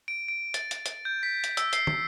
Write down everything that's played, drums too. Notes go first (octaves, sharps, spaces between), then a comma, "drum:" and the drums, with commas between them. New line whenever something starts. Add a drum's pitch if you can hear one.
D7
D7
A6, drum: hi-hat
drum: hi-hat
drum: hi-hat
G6
B6
drum: hi-hat
E6, drum: hi-hat
C7, drum: hi-hat
drum: tom